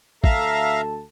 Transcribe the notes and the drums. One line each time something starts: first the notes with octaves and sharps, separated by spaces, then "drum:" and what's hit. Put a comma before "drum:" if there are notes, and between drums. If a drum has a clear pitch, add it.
D2 A4 E5 F5 A5 A#5, drum: kick A1